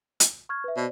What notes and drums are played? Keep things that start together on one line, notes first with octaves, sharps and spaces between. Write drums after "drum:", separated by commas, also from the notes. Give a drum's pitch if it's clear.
drum: hi-hat
C#6 F6 G#6
B4 E5
B2 C5 D5